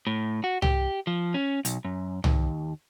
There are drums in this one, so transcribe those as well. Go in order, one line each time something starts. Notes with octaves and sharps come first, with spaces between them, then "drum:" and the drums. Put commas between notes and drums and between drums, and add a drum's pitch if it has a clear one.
A2
F#4
G4, drum: tom
F3
C#4
B1, drum: hi-hat
F#2
D#2, drum: tom